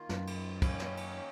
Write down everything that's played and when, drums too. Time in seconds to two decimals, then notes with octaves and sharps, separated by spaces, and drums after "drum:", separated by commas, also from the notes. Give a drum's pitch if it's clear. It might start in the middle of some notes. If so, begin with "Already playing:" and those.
Already playing: D#3 A#3 F4
0.09 F#2, drum: snare
0.27 drum: cymbal
0.62 D#3 A#3 C#4, drum: kick, cymbal
0.80 drum: snare
0.97 drum: cymbal